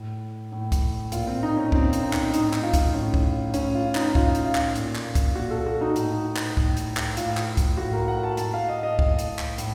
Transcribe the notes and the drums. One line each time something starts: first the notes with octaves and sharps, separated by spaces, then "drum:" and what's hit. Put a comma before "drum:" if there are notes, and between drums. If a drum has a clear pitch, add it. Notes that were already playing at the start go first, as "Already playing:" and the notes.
Already playing: A2
A2
drum: kick, hi-hat
A#2 F4, drum: hi-hat
C4
D#4
C#4
A#2 C4, drum: kick
drum: hi-hat
D#4
drum: clap
A2 D#4, drum: hi-hat
drum: clap
F4
drum: kick, hi-hat
A2 C#4
drum: kick
A2 C#4, drum: hi-hat
F4
D#4, drum: clap
A2 F4, drum: kick
drum: hi-hat
F4
drum: clap
A#2, drum: hi-hat
drum: clap
drum: kick, hi-hat
A#2 F#4
A4
F#4
D#4
A2, drum: hi-hat
drum: clap
A2, drum: kick
drum: hi-hat
drum: clap
A2 F4, drum: hi-hat
drum: clap
drum: kick, hi-hat
A2 F#4
A#4
F#5
A5
A2 A5, drum: hi-hat
F5
D#5
D#5
A2, drum: kick
drum: hi-hat
drum: clap
A2, drum: hi-hat